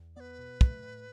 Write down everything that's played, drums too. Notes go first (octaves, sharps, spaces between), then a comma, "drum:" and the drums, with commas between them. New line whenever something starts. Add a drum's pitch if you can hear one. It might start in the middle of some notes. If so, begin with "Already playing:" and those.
Already playing: E2
B3 B4 D5
B2
A3, drum: kick
A2